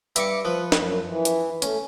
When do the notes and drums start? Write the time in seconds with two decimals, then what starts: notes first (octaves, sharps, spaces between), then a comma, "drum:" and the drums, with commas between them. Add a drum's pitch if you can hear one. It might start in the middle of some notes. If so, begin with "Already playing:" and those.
0.16 G2 E5 D6 C#7, drum: hi-hat
0.45 F3 B4
0.72 F#2, drum: snare
1.07 E3
1.25 drum: hi-hat
1.62 A3 C#4, drum: hi-hat